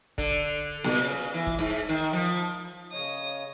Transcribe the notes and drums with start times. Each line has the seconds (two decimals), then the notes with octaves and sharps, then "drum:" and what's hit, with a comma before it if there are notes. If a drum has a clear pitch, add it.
0.18 D3, drum: kick
0.84 A#2, drum: snare B3
1.03 C#3
1.34 E3
1.46 drum: kick
1.59 G#2
1.89 D#3
2.13 F3
2.93 C#3 C#5 D#5 D#6